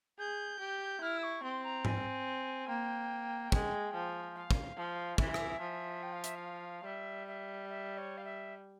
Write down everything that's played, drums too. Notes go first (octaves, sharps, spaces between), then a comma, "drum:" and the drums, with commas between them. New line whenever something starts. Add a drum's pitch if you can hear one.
G#4 G6
G4
E4 F6
E6
C#6
C4 C6
A#5
G#5, drum: tom G#2
A#3 G5
G#3, drum: kick
F3
F5
drum: kick
F3
E3 E5, drum: kick
drum: rim click
F3
G5
F5
E5, drum: hi-hat
F5
G3 E5
E5
E5
C#5
F5
E5